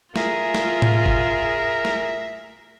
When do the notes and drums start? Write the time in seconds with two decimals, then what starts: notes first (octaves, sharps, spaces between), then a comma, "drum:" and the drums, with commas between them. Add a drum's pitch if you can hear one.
0.16 F4 G#4 A#4 E5, drum: snare
0.54 drum: snare
0.82 drum: tom A2
1.06 drum: kick
1.85 drum: snare